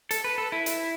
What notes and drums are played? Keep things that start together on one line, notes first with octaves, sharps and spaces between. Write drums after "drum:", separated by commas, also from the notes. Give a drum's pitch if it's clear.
A4, drum: hi-hat
B4
A4
E4
drum: hi-hat